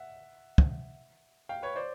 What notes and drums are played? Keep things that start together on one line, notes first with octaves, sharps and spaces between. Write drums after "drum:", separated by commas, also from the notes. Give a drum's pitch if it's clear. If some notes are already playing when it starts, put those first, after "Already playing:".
Already playing: E5 F#5
drum: kick
F5 G5
B4 C#5
C5 D5